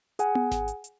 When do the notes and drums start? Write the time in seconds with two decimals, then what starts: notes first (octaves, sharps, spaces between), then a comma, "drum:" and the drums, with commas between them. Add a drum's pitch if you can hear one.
0.19 G#4 F#5 G#5, drum: hi-hat
0.35 drum: tom B3
0.52 drum: snare G#1
0.68 drum: hi-hat
0.84 drum: hi-hat